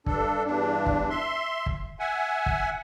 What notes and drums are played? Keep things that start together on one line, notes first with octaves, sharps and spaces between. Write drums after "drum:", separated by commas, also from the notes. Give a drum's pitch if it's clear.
G2 D4 A4, drum: kick
E2 G2 D4
drum: kick
E5 C6
drum: kick
E5 F#5 G#5
drum: kick